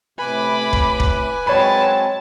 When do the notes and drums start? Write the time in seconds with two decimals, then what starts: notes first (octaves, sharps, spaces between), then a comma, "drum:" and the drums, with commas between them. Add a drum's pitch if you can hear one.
0.19 A2 C3 B4 G#5 B5 D6
0.73 drum: kick
1.00 drum: kick
1.47 F#3 G#3 C4 C#5 A5 B5